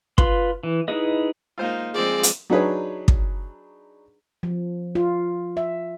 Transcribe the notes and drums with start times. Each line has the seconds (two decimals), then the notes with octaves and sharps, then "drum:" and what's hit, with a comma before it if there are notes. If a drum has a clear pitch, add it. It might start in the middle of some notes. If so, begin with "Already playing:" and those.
0.18 F4 B4 C6, drum: kick
0.63 E3
0.88 D#4 E4 G#4 B4 D#5
1.58 G#3 A#3 D#4 F4 C5 F5
1.94 F3 G#3 C4 G#4 D5
2.23 drum: hi-hat
2.50 F#3 D4 D#4 G#4 B4 C#5
3.08 drum: kick
4.43 F3
4.95 F4
5.57 E5